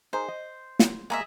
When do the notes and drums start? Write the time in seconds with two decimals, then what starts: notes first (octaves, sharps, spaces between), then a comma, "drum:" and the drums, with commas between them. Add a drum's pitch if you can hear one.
0.13 D#4 G#4 A#4 C5
0.29 D#5
0.79 drum: snare
1.10 G#3 A#3 G#4 D#5 E5